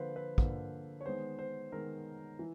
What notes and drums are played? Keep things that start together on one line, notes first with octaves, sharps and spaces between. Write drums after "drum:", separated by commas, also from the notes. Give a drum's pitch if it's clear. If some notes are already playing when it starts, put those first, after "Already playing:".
Already playing: D3 F3 A#3 B4 C5
B4
D3 F3 A#3, drum: kick
C#5
D#3 G#3 B3 C5
C5
D#3 G#3 B3 A#4
E3